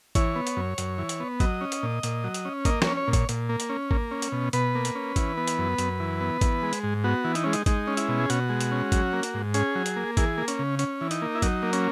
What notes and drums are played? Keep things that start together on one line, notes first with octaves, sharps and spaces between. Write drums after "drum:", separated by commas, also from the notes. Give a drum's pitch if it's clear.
E3 C#5, drum: kick G#1, hi-hat
B3
drum: hi-hat
F#2
F#2, drum: hi-hat
E3
drum: hi-hat
B3
F#3 D#5, drum: kick G#1, hi-hat
C#4
drum: hi-hat
A#2
A#2, drum: hi-hat
F#3
drum: hi-hat
C#4
A#3 D#5, drum: kick G#1, hi-hat
C#5, drum: snare
C#4
C#5
A#2
C#5, drum: kick G#1, hi-hat
A#2, drum: hi-hat
A#3
drum: hi-hat
C#4
A#3, drum: kick G#1
C#4
drum: hi-hat
B2
B2 B4, drum: hi-hat
A#3
drum: hi-hat
C#4
E3, drum: kick G#1, hi-hat
B3
drum: hi-hat
F#2
F#2, drum: hi-hat
E3
B3
E3, drum: kick G#1, hi-hat
G#3
drum: hi-hat
G#2
B3 F#4
E3
D#4, drum: hi-hat
G#3 C#4
D#4, drum: hi-hat
G#3 D#4, drum: kick G#1, hi-hat
C#4
E4, drum: hi-hat
B2
G#4
B2 F#4, drum: hi-hat
G#3
drum: hi-hat
C#4
F#3, drum: kick G#1, hi-hat
A#3
drum: hi-hat
G#2
C#4 G#4, drum: hi-hat
F#3
drum: hi-hat
A#3
E3 G#4, drum: kick G#1, hi-hat
A#3
C#4, drum: hi-hat
C#3
C#4, drum: hi-hat
E3
D#4, drum: hi-hat
A#3
E4
F#3 D#4, drum: kick G#1, hi-hat
A#3
C#4, drum: hi-hat